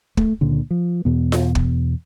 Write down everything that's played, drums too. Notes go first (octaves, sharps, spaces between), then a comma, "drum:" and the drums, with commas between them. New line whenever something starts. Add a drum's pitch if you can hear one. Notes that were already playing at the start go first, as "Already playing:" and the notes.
A3, drum: kick
C#2 A#2 D3
F3
E2 B2 B3
drum: snare F4
drum: kick